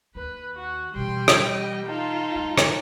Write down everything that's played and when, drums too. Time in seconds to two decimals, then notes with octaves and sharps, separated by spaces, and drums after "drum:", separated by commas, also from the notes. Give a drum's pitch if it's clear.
0.15 D#2 B4
0.56 F#4
0.95 B2 E3 G3 G5 C6
1.28 drum: rim click
1.45 D#5
1.86 D#4 F4 A4
2.36 G#3
2.58 drum: rim click